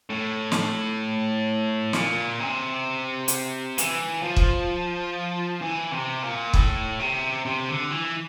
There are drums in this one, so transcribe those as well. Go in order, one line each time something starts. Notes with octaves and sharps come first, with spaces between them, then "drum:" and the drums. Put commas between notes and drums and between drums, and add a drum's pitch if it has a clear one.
A2
drum: snare
A#2, drum: snare
C3
drum: hi-hat
E3, drum: hi-hat
F3
drum: kick
E3
C3
A#2
A2, drum: kick
C3
C3
D3
E3